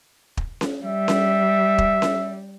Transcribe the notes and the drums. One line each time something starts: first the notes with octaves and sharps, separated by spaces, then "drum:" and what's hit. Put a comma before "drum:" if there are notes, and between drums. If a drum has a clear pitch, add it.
drum: kick
drum: snare C#4
G3 E5
drum: snare C#4
drum: kick
drum: snare C#4